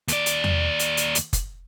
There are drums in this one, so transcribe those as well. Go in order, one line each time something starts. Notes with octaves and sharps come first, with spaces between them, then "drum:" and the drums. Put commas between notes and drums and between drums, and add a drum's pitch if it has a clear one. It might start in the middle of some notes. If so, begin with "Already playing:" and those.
D#2 D5, drum: hi-hat
drum: hi-hat
drum: tom E2
drum: hi-hat
drum: hi-hat
drum: hi-hat
drum: kick F#1, hi-hat